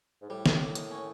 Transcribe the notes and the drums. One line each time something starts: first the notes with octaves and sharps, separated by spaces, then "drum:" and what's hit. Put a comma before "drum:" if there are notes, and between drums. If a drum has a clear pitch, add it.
G#2
A2 G3
D#3, drum: snare
A#3
D#3, drum: hi-hat
C#4